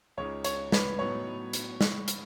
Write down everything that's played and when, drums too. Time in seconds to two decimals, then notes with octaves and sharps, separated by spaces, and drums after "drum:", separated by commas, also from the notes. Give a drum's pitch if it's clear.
0.17 C#2 C#3 G#3 D#4 C#5
0.44 C#5, drum: hi-hat
0.72 B4, drum: snare
0.99 A2 F#3 B3 D#4 F#4 C#5
1.53 drum: hi-hat
1.81 drum: snare
2.08 drum: hi-hat